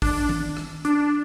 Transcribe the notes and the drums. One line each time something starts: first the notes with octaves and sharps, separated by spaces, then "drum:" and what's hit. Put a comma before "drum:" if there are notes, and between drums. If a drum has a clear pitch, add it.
D4, drum: kick, open hi-hat
drum: tom D#3
drum: rim click
D4, drum: hi-hat